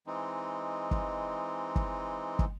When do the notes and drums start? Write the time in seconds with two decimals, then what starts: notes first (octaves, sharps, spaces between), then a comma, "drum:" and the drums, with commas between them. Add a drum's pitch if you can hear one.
0.07 E3 G#3 C4 D#4
0.91 drum: kick
1.76 drum: kick
2.39 drum: kick